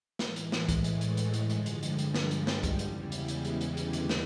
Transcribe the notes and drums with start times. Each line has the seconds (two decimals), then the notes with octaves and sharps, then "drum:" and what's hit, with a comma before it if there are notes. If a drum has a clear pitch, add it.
0.19 A2 E3 G#3, drum: snare
0.36 drum: hi-hat
0.52 drum: snare
0.69 drum: kick, hi-hat
0.84 A2 A3, drum: hi-hat
1.01 drum: hi-hat
1.17 drum: hi-hat
1.33 drum: hi-hat
1.50 G2 D3 F3 G#3, drum: hi-hat
1.66 drum: hi-hat
1.83 G3, drum: hi-hat
1.98 drum: hi-hat
2.15 G#3, drum: snare
2.31 drum: hi-hat
2.47 drum: snare
2.63 drum: kick, hi-hat
2.79 E2 C#3 E3 G3, drum: hi-hat
3.12 G#3, drum: hi-hat
3.28 drum: hi-hat
3.44 drum: hi-hat
3.61 drum: hi-hat
3.77 D3 D4, drum: hi-hat
3.93 drum: hi-hat
4.09 drum: snare